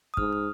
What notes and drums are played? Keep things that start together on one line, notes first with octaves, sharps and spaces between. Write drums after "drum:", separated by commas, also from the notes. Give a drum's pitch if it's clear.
D#6
G#2 F6, drum: kick
F6